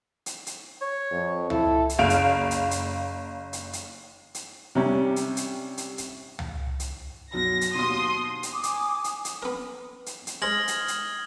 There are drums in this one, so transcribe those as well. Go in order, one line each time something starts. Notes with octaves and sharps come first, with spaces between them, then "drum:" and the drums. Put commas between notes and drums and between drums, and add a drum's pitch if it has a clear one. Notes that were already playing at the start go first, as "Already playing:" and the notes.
drum: hi-hat
drum: hi-hat
C#5
F2
E4 A4, drum: tom C#2
drum: hi-hat
F#1 F5 D7 F7
drum: hi-hat
drum: hi-hat
drum: hi-hat
drum: hi-hat
drum: hi-hat
drum: hi-hat
C3 G3 C#4
drum: hi-hat
drum: hi-hat
drum: hi-hat
drum: hi-hat
drum: tom C#2
drum: hi-hat
F#2 B2 A#6
drum: hi-hat
D#2 B2 C6 D#6
drum: hi-hat
G#5 D6 D#6
drum: hi-hat
drum: hi-hat
drum: hi-hat
B3 A#4
drum: hi-hat
drum: hi-hat
G#3 C5 D#6 F6 G#6 A#6 F#7
drum: hi-hat
drum: hi-hat